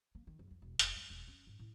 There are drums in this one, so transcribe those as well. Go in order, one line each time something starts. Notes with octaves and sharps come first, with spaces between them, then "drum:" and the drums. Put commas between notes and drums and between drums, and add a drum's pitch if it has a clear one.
A#3
D#3
F#1
F2
E1
F1, drum: hi-hat
G#3
E1
C#4
G#2
A2